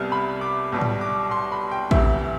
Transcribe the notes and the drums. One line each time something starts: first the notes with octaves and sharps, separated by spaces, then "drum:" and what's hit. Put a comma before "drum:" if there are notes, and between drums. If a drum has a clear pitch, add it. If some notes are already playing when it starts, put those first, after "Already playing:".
Already playing: C2 C3 G3 B3 F6
B5
D6
B1 B2 G3
drum: tom
D6
C6
B5
G5
D2 C3 E3 E5, drum: kick